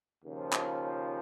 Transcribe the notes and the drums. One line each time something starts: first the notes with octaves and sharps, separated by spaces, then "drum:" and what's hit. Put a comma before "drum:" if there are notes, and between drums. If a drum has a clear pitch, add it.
D#2 C#3 F3
drum: clap